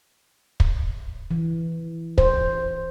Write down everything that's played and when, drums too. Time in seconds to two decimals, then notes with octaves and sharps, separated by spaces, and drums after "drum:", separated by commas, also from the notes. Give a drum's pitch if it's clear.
0.60 drum: kick
1.31 E3
2.18 C5, drum: kick